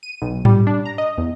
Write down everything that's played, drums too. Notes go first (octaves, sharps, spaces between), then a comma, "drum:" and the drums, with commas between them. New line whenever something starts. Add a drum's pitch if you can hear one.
D#7
B1
G3, drum: tom G#2
D4
A#5
D#5
E2